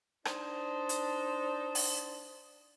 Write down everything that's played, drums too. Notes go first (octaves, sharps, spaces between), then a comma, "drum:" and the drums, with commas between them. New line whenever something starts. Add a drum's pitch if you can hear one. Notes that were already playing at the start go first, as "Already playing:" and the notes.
D4 D#4 C5 D5, drum: rim click
drum: hi-hat
drum: open hi-hat